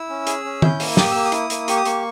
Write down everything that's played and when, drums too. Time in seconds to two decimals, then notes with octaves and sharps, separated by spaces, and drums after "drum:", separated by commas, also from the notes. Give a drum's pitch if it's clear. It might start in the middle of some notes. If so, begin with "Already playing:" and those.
Already playing: E4 E6
0.10 C#4
0.27 G#4, drum: hi-hat
0.45 C#4
0.62 E4 G6, drum: tom D#3
0.80 A#3, drum: open hi-hat
0.97 G4 D#6, drum: snare
1.11 A#3 E6
1.25 D#6
1.32 E4, drum: hi-hat
1.50 A#3, drum: hi-hat
1.68 G4 C#6, drum: hi-hat
1.77 D#6
1.85 A#3 C#6, drum: hi-hat